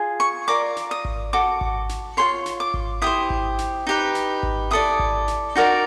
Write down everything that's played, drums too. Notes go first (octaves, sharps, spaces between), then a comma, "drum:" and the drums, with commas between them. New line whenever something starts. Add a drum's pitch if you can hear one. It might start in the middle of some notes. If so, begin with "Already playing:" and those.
Already playing: F4 G#4
C#6
F4 A#4 D5 D6
drum: snare
D#6
drum: kick G#1
F#4 A4 D6
drum: kick G#1
drum: snare
F4 G#4 C#5 C6
drum: snare
D6
drum: kick G#1
E4 G4 C5 D#6
drum: kick G#1
drum: snare
D#4 G4 B4
drum: snare
drum: kick G#1
E4 A4 D5 D#6
drum: kick G#1
drum: snare
D#4 F#4 A#4 D5